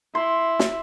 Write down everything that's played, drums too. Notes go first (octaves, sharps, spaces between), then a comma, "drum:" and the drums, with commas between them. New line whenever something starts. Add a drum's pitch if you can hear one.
E4 C6
drum: snare